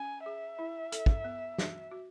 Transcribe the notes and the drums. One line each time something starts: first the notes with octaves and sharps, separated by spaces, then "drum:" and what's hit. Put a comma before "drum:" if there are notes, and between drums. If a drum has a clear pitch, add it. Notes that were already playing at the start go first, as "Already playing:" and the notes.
Already playing: C#4 G#5
G#4 E5
E4
A4, drum: hi-hat
drum: kick
B3
F#4, drum: snare
F#4